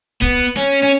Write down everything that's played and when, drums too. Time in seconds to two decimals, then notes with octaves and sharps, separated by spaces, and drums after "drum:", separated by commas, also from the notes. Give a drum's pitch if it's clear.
0.22 B3, drum: kick
0.57 C#4
0.83 C#4